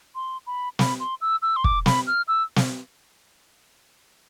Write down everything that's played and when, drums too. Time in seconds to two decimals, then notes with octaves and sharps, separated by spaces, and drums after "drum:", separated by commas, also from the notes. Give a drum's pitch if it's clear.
0.15 C6
0.47 B5
0.79 B5, drum: snare
1.00 C6
1.21 E6
1.42 E6
1.56 C6
1.64 D6, drum: kick
1.86 B5, drum: snare
2.07 F6
2.28 E6
2.56 drum: snare